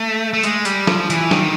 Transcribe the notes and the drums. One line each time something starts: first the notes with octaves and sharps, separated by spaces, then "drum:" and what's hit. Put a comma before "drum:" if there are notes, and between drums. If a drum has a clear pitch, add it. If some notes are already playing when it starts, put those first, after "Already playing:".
Already playing: A3
A3
G#3, drum: hi-hat
G3, drum: hi-hat
F3, drum: snare
E3, drum: hi-hat
D#3, drum: snare